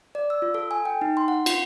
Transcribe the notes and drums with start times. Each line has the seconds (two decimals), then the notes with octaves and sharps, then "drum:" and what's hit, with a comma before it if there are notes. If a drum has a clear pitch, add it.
0.15 D5
0.30 E6
0.42 F4
0.54 A4
0.71 G#5
0.85 G5
1.01 D#4
1.17 C6
1.28 F#5
1.46 F4, drum: cymbal